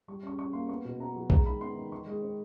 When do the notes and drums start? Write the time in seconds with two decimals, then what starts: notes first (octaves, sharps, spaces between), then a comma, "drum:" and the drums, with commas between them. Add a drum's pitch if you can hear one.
0.08 G3 C#6
0.23 C#4 C#6
0.39 C#4 C#6
0.53 A#3 C6
0.68 B3 C#6
0.85 B2
1.00 B3 A#5
1.16 F#3
1.30 G#3 A#5, drum: kick B1
1.46 D#3 B5
1.61 B3 C6
1.76 D#3
1.92 D#3 C#6
2.07 G#3
2.22 C4